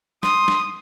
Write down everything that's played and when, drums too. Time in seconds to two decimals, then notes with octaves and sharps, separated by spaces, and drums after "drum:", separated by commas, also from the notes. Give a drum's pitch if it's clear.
0.23 C6 D#6, drum: snare
0.48 drum: snare